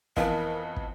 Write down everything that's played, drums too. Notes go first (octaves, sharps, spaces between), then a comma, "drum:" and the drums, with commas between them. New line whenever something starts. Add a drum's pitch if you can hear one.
F2 E3 B3 A#4 D#5 F5 A5, drum: kick
drum: kick